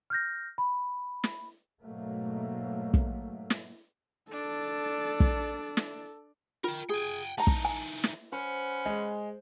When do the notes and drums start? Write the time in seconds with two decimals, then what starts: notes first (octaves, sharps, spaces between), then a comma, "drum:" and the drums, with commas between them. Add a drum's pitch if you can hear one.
0.10 F6 G6 A#6
0.58 B5
1.24 drum: snare
1.82 G#2 B2 F#3 A3 A#3
2.94 drum: kick
3.50 drum: snare
4.32 D4 A4
5.20 drum: kick
5.77 drum: snare
6.64 F4 A#4 G5
6.89 G#4 G5 G#5
7.38 E3 D#4 A5 A#5
7.47 drum: kick
7.65 G#5
8.04 drum: snare
8.32 C#4 B4 C5 F#5
8.86 G#3